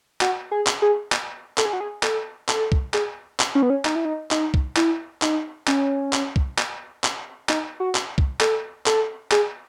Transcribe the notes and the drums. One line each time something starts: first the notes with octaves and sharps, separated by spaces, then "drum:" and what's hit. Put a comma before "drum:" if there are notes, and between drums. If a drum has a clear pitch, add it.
F#4, drum: clap
G#4
drum: clap
G#4
drum: clap
A4, drum: clap
G#4
F#4
G#4
A4, drum: clap
A4, drum: clap
drum: kick C2
G#4, drum: clap
drum: clap
C#4
B3
C#4
D#4, drum: clap
E4
D#4
D#4, drum: clap
drum: kick C2
E4, drum: clap
D#4, drum: clap
C#4, drum: clap
drum: clap
drum: kick C2
drum: clap
drum: clap
D#4, drum: clap
F#4
drum: clap
drum: kick C2
A4, drum: clap
A4, drum: clap
G#4, drum: clap